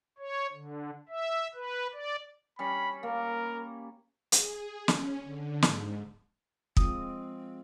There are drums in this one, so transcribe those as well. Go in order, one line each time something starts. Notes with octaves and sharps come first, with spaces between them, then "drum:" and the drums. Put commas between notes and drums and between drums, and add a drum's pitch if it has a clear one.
C#5
D3
E5
B4
D5
G3 C#4 B5
A#3 A#4
G#4, drum: hi-hat
C#4, drum: snare
D3
G#2, drum: snare
F3 G#3 C4 F4 D#6, drum: kick